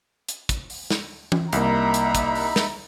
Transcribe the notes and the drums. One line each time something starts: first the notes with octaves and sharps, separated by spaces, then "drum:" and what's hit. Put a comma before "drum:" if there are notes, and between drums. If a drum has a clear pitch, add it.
drum: hi-hat
drum: kick, hi-hat
drum: open hi-hat
drum: snare
drum: tom E3
C2 A#3 D#4 E5 A#5 B5, drum: hi-hat
drum: hi-hat
drum: kick, hi-hat
drum: open hi-hat
drum: snare